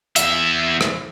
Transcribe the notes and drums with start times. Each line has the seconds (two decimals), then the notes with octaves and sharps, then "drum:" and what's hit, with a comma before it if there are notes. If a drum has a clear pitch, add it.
0.16 E2 E5, drum: hi-hat
0.81 drum: rim click